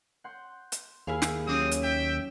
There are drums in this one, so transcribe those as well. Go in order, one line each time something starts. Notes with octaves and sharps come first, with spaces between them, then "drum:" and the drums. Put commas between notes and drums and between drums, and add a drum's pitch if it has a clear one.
F#5 C6 G6
drum: hi-hat
D#2 E4 G#4 F5 G#5 F6
drum: snare
F#3 G#3 C4 C#4 D6 D#6
drum: hi-hat
E5 G5